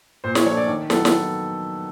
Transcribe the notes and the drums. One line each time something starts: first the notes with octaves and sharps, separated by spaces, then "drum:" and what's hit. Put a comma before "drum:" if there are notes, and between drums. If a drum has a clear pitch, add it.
A#2 C5
C#5, drum: snare
F3 A3 D4 C#5
D5
D#3
F#3 B3 A4, drum: snare
drum: snare